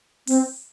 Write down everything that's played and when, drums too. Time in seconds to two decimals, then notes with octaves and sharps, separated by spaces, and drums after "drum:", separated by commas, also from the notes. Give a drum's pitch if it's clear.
0.27 C4, drum: open hi-hat